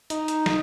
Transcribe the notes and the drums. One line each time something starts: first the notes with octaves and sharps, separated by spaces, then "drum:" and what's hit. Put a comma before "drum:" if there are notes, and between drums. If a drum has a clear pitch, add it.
D#4, drum: hi-hat
drum: hi-hat
drum: snare